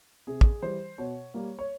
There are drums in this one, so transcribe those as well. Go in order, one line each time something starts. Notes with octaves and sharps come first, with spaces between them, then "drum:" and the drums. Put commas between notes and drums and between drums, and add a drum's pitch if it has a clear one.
C3 G#4
drum: kick
E3 G3 C5
B2 C#5
G3 A#3
C#5